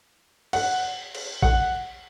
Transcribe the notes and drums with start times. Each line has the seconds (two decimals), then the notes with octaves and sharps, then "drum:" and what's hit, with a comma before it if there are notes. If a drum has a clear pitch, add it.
0.53 F#5, drum: cymbal
1.15 drum: cymbal
1.42 F#5, drum: kick